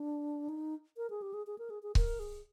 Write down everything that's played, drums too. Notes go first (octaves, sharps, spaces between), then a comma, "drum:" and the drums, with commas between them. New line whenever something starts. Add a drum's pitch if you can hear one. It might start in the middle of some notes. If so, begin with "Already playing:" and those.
Already playing: D4
D#4
A#4
G#4
G4
G#4
G#4
A#4
G#4
G#4
A#4, drum: kick C#1
G#4